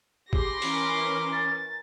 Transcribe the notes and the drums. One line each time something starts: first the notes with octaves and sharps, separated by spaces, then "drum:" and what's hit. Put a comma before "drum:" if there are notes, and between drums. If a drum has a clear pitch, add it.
G4 G#4 B5 C6 D6 A#6, drum: kick G#1
E3 C#4 A#4, drum: open hi-hat
A6